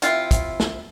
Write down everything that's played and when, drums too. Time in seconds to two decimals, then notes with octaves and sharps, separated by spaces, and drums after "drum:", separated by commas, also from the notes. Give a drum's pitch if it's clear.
0.02 C3 E4 F4, drum: hi-hat
0.31 drum: kick, hi-hat
0.60 drum: snare